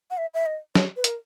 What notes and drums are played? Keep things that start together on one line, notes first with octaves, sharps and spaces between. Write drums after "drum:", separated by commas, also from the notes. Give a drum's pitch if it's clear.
F#5
E5
E5
D#5
C#5, drum: snare
B4
A#4, drum: hi-hat